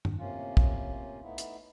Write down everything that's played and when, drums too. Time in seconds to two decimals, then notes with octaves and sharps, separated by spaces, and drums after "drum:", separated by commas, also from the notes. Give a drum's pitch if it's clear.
0.05 drum: tom G2
0.18 A2 C3 A#3 C#4 F4
0.57 drum: kick
1.23 A3 B3 D#4 E4
1.38 drum: hi-hat